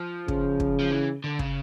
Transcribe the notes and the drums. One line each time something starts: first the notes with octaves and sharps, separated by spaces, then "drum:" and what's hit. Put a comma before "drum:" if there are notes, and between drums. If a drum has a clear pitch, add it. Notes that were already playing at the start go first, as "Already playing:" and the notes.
Already playing: F3
C#3, drum: kick
drum: kick
F3
E3
D3
C#3, drum: kick